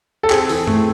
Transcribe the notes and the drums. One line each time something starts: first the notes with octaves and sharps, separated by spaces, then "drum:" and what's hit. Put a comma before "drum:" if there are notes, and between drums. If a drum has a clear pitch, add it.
A4
C4 G#4, drum: clap
E3, drum: open hi-hat
A3, drum: tom G2